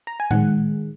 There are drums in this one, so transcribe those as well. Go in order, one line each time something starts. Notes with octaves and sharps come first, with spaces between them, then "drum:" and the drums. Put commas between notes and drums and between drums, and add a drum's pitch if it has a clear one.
A#5
G#5
D#3 G#3 F#5, drum: tom A2